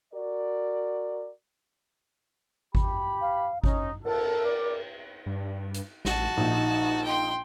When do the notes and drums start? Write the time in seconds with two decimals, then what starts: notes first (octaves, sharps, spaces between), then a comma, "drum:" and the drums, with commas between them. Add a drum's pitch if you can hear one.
0.13 F#4 A#4 D5
2.75 G4 B5, drum: kick G#1
3.21 F5
3.64 C#4 D#4, drum: kick G#1
4.05 A4 A#4, drum: cymbal
4.45 D5
5.26 G2
5.74 drum: hi-hat
6.05 A1 F#4 A5, drum: snare
6.37 A#1 D#4
7.04 G5 C6